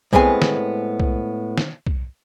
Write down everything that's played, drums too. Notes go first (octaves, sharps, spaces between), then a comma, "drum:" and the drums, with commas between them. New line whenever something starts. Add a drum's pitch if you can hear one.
A2 G#3 B3 C4 G#5 C6, drum: kick B1
drum: snare
drum: kick B1
drum: snare
drum: kick B1